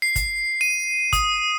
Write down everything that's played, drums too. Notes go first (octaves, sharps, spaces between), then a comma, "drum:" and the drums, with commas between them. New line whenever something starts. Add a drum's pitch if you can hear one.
C7
drum: kick, hi-hat
D#7
D#6, drum: kick, hi-hat